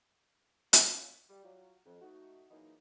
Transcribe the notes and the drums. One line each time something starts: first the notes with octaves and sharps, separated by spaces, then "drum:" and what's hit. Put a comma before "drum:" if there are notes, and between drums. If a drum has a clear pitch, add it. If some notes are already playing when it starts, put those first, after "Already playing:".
C#4 F4 F#4 C#5, drum: hi-hat
G3
F#3 F4
F2
A3 D#4 F#4
E3 F#3 G#3 A#3 D#4